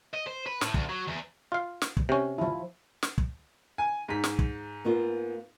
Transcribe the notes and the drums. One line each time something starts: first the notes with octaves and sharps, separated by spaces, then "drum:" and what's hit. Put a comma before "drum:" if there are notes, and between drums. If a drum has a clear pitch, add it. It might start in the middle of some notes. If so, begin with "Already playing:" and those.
D#5
C5
B4
A2, drum: snare
D2, drum: kick
F#3
E2
F4 F5
drum: snare
drum: kick
C3 C#4
F3 E4
drum: snare
drum: kick
G#5
G#2 B6
drum: snare
drum: kick
A#3 B3 F4